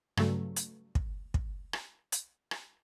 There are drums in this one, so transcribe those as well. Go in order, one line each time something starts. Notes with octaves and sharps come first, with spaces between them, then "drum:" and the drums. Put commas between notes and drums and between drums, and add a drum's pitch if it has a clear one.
G2 C#3 F#3 A3, drum: rim click
drum: hi-hat
drum: kick
drum: kick
drum: rim click
drum: hi-hat
drum: rim click